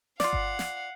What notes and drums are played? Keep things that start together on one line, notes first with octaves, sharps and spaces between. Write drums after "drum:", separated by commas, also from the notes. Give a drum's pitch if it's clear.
F4 D5 F5 F#5, drum: snare
drum: kick G1
drum: snare